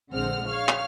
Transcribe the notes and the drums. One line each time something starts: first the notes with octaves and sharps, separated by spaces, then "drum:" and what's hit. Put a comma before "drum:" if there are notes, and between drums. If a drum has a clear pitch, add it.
A#1 D3 G#3 C4 F#5 F6
C#5 F5 F6
drum: clap